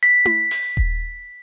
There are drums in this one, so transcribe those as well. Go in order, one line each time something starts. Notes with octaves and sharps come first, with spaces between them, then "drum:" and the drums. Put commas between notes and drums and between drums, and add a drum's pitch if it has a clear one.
B6
drum: tom E4
drum: open hi-hat
drum: kick D#1